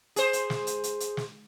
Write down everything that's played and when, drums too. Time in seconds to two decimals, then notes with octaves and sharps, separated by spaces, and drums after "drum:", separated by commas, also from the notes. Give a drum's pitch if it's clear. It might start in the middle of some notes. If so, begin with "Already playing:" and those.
0.16 G#4 C5, drum: hi-hat
0.33 drum: hi-hat
0.50 drum: snare
0.67 drum: hi-hat
0.84 drum: hi-hat
1.00 drum: hi-hat
1.17 drum: snare